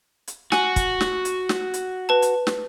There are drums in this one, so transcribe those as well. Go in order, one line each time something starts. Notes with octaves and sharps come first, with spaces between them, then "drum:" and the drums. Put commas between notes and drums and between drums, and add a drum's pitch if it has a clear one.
drum: hi-hat
F#4 G#5, drum: snare
drum: kick, hi-hat
drum: snare
drum: hi-hat
drum: snare
drum: hi-hat
B4 A5
drum: hi-hat
drum: snare